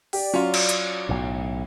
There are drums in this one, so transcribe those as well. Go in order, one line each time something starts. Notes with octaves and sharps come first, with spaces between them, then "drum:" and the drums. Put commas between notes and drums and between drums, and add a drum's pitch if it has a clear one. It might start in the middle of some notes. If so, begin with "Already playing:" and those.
G4 D5, drum: open hi-hat
F#3 C#4 F4
drum: cymbal
drum: hi-hat
B1 A2